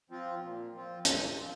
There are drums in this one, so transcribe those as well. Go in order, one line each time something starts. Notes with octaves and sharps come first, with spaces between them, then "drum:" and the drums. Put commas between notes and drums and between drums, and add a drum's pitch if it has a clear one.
F3 C4 F4
A#2
F3 C4 F4
A#2, drum: hi-hat
F3 C4 F4